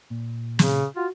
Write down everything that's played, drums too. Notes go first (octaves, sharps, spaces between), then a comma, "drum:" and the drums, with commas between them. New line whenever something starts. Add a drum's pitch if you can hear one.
A#2
C#3, drum: snare
F4 F#4